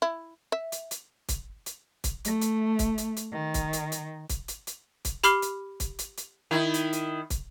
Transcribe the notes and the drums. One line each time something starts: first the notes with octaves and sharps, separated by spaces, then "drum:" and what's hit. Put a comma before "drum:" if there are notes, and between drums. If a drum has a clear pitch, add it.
E4
E5
drum: hi-hat
drum: hi-hat
drum: kick, hi-hat
drum: hi-hat
drum: kick, hi-hat
A3, drum: hi-hat
drum: hi-hat
drum: kick, hi-hat
drum: hi-hat
drum: hi-hat
D#3
drum: kick, hi-hat
drum: hi-hat
drum: hi-hat
drum: kick, hi-hat
drum: hi-hat
drum: hi-hat
drum: kick, hi-hat
G4 B5 D6 F6 C7 G7, drum: hi-hat
drum: hi-hat
drum: kick, hi-hat
drum: hi-hat
drum: hi-hat
D#3 E4
drum: hi-hat
drum: hi-hat
drum: kick, hi-hat